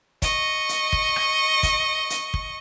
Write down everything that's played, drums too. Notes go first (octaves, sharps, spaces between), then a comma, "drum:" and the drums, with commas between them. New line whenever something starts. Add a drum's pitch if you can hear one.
D#5 C#6, drum: kick, hi-hat
drum: hi-hat
drum: kick
drum: rim click
drum: kick, hi-hat
drum: hi-hat
drum: kick